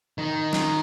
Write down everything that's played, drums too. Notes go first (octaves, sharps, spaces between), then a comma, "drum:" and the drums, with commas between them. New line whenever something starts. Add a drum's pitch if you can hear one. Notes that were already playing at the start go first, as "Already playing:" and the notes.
D#3
drum: snare